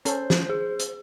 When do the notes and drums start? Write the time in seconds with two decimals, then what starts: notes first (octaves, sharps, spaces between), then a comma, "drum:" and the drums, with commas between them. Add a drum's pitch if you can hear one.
0.05 C#4 A4 C5, drum: hi-hat
0.30 drum: snare
0.49 G#4
0.79 drum: hi-hat